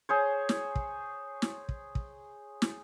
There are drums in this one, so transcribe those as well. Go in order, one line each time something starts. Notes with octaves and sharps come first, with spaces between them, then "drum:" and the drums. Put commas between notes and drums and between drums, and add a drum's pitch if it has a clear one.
G#4 C5 C#5
drum: snare
drum: kick
drum: snare
drum: kick
drum: kick
drum: snare